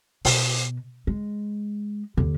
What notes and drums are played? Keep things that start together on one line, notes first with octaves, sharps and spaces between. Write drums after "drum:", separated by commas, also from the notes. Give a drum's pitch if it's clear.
B2, drum: open hi-hat
G#3
D#2 D3